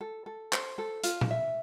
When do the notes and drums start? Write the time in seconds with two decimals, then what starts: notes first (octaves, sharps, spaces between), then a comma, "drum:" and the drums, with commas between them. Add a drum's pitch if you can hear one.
0.01 A4
0.26 A4
0.53 C5, drum: clap
0.78 A4
1.04 F4, drum: hi-hat
1.21 drum: tom A#2
1.31 E5